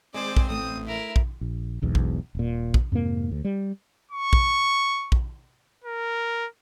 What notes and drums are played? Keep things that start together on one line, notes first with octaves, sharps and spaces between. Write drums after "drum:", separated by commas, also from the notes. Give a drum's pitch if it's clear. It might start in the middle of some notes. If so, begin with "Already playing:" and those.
D#3 G#3 C4 G#4 C5 D5
drum: kick
A1 A3 D#6
E4 A#4
drum: kick
A#1
E1 B1 E2 G#2
drum: kick
D#1 A#2
drum: kick
F2 G#2 C3 A#3
D2
G3
C#6
drum: kick
drum: kick
A#4